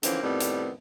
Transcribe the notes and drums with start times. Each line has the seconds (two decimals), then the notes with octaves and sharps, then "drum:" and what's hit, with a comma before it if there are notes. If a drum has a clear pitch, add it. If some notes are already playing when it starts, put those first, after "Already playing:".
0.03 D3 E3 F3 A#3 C4 C#4, drum: hi-hat
0.22 F2 A2 D#3 G3 B3 C4
0.40 drum: hi-hat